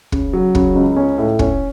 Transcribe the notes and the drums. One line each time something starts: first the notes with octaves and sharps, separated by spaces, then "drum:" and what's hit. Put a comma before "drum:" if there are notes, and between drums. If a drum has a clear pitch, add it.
C#3, drum: kick
F#3
C#3, drum: kick
C#2
C#4
A2
C#4, drum: kick